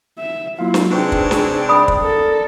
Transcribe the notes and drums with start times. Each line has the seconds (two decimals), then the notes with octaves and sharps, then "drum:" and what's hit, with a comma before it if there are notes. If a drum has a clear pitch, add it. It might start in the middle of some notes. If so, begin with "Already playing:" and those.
0.19 E5
0.59 F#3 A#3 E4 F4 F5
0.74 drum: snare
0.91 C3 C4 D4 D#4 G#4 B4 C#6
1.12 drum: kick
1.31 drum: snare
1.69 D5 B5 D#6
1.88 drum: kick
2.02 A4 A#4